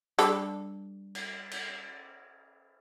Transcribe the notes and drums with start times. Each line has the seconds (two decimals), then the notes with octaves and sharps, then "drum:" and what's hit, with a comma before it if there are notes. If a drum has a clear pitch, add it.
0.19 G3 D4 A4, drum: hi-hat
1.15 drum: cymbal
1.51 drum: cymbal